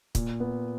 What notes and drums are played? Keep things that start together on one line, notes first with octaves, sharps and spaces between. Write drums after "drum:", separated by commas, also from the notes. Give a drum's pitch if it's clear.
A#2, drum: kick, hi-hat
B3